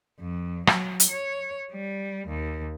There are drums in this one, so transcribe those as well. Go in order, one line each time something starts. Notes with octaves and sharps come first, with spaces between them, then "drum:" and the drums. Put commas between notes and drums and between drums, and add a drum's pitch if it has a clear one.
F2
F#3, drum: rim click
drum: hi-hat
C#5
G3
D#2